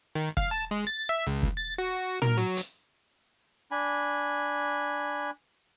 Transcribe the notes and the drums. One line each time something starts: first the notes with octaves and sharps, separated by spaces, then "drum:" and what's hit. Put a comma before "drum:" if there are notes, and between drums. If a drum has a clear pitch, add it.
D#3
F5, drum: kick
A5
G#3
A6
E5
C#2
drum: kick
A6
F#4
A#4, drum: tom
F#3
drum: hi-hat
D4 G#5 B5